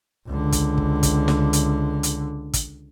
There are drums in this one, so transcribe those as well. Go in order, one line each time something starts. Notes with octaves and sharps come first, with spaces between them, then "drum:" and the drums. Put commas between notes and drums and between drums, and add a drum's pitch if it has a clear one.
C#2 D3
drum: kick, hi-hat
drum: kick
drum: kick, hi-hat
drum: snare
drum: hi-hat
drum: hi-hat
drum: kick, hi-hat